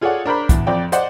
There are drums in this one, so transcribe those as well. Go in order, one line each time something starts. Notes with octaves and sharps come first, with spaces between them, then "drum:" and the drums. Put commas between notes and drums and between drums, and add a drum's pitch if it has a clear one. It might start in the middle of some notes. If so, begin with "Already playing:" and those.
F4 G#4 A4 C#5 D5 F#5
D4 A#4 C5 B5
E2, drum: kick, hi-hat
F2 D5 G5
C5 D5 D#5 F#5, drum: hi-hat